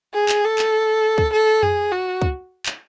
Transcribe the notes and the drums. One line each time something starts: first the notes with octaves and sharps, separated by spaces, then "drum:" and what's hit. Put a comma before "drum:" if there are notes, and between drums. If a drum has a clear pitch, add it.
G#4
drum: clap
A4
drum: clap
drum: kick
A4
G#4, drum: tom F2
F#4
drum: kick
drum: clap